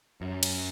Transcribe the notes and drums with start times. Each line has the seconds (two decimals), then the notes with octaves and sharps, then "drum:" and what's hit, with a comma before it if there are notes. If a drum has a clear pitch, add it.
0.21 F#2
0.43 drum: cymbal